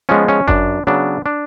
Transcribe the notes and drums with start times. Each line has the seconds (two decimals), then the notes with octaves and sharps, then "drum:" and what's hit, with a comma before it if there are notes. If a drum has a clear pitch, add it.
0.09 F3 G#3 B3 C#4
0.29 C#4
0.48 F#2 D4, drum: kick G1
0.87 C#3 F#3 B3 D4
1.26 D4